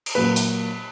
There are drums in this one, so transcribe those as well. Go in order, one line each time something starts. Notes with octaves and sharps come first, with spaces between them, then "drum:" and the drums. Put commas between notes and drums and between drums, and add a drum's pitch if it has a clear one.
drum: cymbal
A#2 F#3 A#3 B4
drum: hi-hat